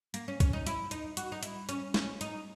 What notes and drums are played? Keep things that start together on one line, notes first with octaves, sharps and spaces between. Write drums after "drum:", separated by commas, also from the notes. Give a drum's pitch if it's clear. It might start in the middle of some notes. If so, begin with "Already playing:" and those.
A#3, drum: hi-hat
C#4
C#4, drum: kick, hi-hat
D#4
E4, drum: hi-hat
D#4, drum: hi-hat
F#4, drum: hi-hat
D#4
E4, drum: hi-hat
C#4, drum: hi-hat
C#4, drum: snare
D#4, drum: hi-hat